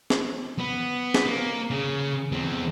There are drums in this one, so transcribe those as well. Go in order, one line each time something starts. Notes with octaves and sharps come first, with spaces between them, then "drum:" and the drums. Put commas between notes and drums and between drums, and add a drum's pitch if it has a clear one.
drum: snare
B3
drum: snare
A#3
C#3
E2 C4